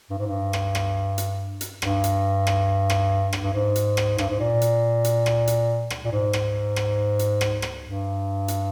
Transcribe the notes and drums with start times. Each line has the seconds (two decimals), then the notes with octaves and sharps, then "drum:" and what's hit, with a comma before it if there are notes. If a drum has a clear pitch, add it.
0.10 G2
0.18 G#2
0.27 G2
0.53 drum: rim click
0.75 drum: rim click
1.18 drum: hi-hat
1.61 drum: hi-hat
1.82 G2, drum: rim click
2.04 drum: hi-hat
2.47 drum: rim click
2.90 drum: rim click
3.33 drum: rim click
3.44 G2
3.54 G#2
3.76 drum: hi-hat
3.97 drum: rim click
4.18 G2, drum: rim click
4.29 G#2
4.40 A#2
4.61 drum: hi-hat
5.04 drum: hi-hat
5.26 drum: rim click
5.47 drum: hi-hat
5.90 drum: rim click
6.05 A#2
6.12 G#2
6.33 drum: rim click
6.76 drum: rim click
7.19 drum: hi-hat
7.41 drum: rim click
7.62 drum: rim click
7.84 G2
8.48 drum: hi-hat